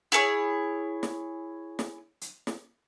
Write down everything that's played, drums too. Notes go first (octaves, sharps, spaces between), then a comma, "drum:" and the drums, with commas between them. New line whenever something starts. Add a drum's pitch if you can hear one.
E4 G#4 A4 C#5
drum: snare
drum: snare
drum: hi-hat
drum: snare